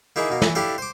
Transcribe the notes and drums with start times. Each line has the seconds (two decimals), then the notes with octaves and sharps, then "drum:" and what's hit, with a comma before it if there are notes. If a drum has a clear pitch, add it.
0.16 A#3 D#4 E4 G#4
0.30 B2 A#3
0.42 E3, drum: snare
0.55 D4 E4 G4 A4 F5
0.78 C5 D6